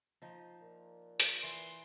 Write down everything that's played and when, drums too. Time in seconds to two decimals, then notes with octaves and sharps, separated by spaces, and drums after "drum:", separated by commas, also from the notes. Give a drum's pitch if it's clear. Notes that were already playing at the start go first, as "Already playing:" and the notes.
0.22 F3 D#4
0.61 A#2
1.20 drum: hi-hat
1.43 E3 C6